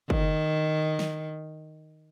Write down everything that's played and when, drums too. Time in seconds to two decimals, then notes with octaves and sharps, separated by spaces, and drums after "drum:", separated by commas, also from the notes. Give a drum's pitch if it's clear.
0.10 D#3, drum: kick
0.99 drum: snare